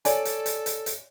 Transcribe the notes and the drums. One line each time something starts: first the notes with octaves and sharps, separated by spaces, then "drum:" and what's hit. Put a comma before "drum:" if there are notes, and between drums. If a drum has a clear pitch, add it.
A4 C#5 D5 G#5, drum: hi-hat
drum: hi-hat
drum: hi-hat
drum: hi-hat
drum: hi-hat